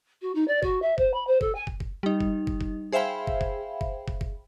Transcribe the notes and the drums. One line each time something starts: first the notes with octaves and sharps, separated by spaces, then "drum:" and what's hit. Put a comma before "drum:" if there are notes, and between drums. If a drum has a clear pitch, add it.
F#4
D#4
D5
F#4, drum: kick
E5
C5, drum: kick
B5
C5
A4, drum: kick
G#5
drum: kick
drum: kick
G3 D#4
drum: kick
drum: kick
drum: kick
G#4 C5 E5 F5 G5 B5
drum: kick
drum: kick
drum: kick
drum: kick
drum: kick